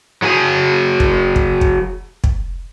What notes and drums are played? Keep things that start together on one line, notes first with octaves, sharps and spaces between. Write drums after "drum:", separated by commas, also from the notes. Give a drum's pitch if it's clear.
F#3 F#4 G#4 G#5
drum: kick
drum: kick
drum: kick
drum: kick